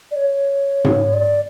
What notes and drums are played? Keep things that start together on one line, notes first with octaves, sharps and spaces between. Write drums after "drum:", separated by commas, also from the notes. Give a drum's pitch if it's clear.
D5
C#5
drum: tom G#2
D5